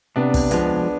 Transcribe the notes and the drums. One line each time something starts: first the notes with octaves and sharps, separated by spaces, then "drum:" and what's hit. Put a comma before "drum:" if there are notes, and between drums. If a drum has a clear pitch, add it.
C3 B3 D4
drum: kick, open hi-hat
F3 G#3 B3 D4, drum: hi-hat